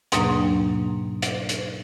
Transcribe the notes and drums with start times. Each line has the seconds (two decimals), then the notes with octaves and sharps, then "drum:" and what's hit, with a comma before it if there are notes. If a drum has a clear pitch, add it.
0.12 D#2 G#2 B2 F#3 A#3 D4, drum: hi-hat
1.22 drum: hi-hat
1.49 drum: hi-hat